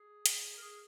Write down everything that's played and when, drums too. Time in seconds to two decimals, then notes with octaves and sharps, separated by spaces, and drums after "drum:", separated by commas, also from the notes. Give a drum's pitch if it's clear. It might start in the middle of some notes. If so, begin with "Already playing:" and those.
Already playing: G#4
0.26 drum: hi-hat
0.57 A#4
0.62 G#4